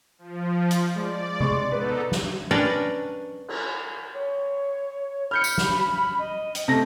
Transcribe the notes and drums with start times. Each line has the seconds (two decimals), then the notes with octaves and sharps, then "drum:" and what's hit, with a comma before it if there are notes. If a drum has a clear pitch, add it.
0.18 F3
0.71 drum: hi-hat
0.96 G#3 D5
1.40 G#3 C#6, drum: tom C3
1.72 B3 D#4 A4 B4
2.12 drum: snare
2.51 C#4 D4 A#4 B4 D5 G5
3.48 drum: cymbal
4.14 C#5
5.31 B5 F6 G6 C#7
5.44 drum: tambourine
5.58 drum: snare
6.19 D#5
6.55 drum: hi-hat
6.68 C3 A3 A#6